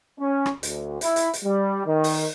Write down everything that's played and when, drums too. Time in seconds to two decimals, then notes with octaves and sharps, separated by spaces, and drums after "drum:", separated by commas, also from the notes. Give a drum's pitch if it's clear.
0.19 C#4
0.46 drum: rim click
0.63 D2, drum: hi-hat
1.01 E4, drum: hi-hat
1.16 drum: hi-hat
1.33 drum: hi-hat
1.44 G3
1.86 D#3
2.04 drum: open hi-hat